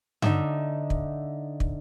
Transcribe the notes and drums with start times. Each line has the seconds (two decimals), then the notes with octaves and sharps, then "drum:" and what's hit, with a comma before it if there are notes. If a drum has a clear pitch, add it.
0.22 D3 D#4 E5, drum: tom G2
0.90 drum: kick
1.60 drum: kick